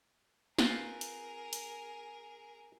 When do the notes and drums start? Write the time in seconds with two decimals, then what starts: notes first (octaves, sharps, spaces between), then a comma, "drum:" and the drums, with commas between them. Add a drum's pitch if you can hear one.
0.59 C4 F4 G#4 A#4 B4, drum: snare
1.01 drum: hi-hat
1.53 drum: hi-hat